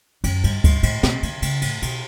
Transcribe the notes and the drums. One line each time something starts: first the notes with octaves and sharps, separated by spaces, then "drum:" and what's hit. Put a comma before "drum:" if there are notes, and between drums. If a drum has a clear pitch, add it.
F#2, drum: cymbal
G2, drum: cymbal
G2, drum: kick C#2, cymbal
A2, drum: cymbal
B2, drum: snare
D3, drum: cymbal
C#3, drum: cymbal
A2, drum: cymbal
B2, drum: cymbal